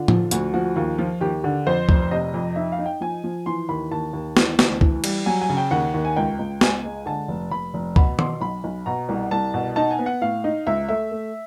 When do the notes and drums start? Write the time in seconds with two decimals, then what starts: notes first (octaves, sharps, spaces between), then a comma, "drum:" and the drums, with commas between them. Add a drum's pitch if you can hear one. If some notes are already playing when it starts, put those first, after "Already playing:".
Already playing: D3 F4
0.08 F3, drum: tom
0.31 D2 F#4, drum: hi-hat
0.54 F3 F#4
0.76 D#2 F4
0.98 F3 F4
1.21 D#2 G4
1.44 D3
1.66 F2 C5
1.89 F1, drum: kick
2.11 C3 D#5
2.34 F2
2.56 D#4 E5
2.72 F5
2.78 D#4
2.86 G5
3.01 F3 G#5
3.24 F3
3.46 E3 C6
3.69 D#2 B5
3.91 D#2 A5
4.13 D#2
4.37 E3, drum: snare
4.59 D2, drum: snare
4.81 E3, drum: kick
5.04 G3, drum: cymbal
5.26 F#3 G#5
5.42 G#5
5.49 C#3
5.57 G5
5.71 D#2 F#5
5.94 D#2
6.05 G#5
6.16 C#2 G5
6.39 C#2
6.61 C#2 G#5, drum: snare
6.84 G#3
7.06 D3 A5
7.28 F1
7.51 F1 B5
7.74 F1
7.96 B2 B5, drum: kick
8.19 B2 C6, drum: tom D#3
8.41 B1 B5
8.64 B1
8.86 B2 A#5
9.09 C2
9.31 C2 A5
9.54 B2
9.76 D#4 A5
9.91 G#5
9.99 B3
10.06 F#5
10.21 A2 F5
10.44 D#4
10.66 C#2 E5
10.89 A3 E5
11.11 A3